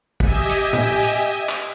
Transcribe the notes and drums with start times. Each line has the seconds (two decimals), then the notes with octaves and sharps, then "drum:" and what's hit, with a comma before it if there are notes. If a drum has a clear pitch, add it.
0.20 G4 D#5 E5 G#5, drum: kick
0.49 drum: hi-hat
0.73 drum: tom A2
1.02 drum: hi-hat
1.49 drum: clap